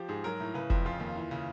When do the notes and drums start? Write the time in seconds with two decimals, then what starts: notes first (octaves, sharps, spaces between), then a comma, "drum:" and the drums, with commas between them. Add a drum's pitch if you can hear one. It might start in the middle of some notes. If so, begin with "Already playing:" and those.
Already playing: F3 G4
0.09 G#2 G#4
0.24 F#3 A#4
0.40 A2
0.54 C#3 B4
0.70 F2, drum: kick F1
0.85 C#3 F4
1.00 D#2
1.16 E3
1.31 C#3